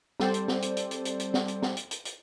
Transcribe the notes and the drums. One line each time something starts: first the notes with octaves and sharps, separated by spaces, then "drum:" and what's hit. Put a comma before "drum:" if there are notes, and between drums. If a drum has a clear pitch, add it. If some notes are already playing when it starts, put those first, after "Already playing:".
G3 C4 A4 C5 D5, drum: snare
drum: hi-hat
drum: snare
drum: hi-hat
drum: hi-hat
drum: hi-hat
drum: hi-hat
drum: hi-hat
drum: snare
drum: hi-hat
drum: snare
drum: hi-hat
drum: hi-hat
drum: hi-hat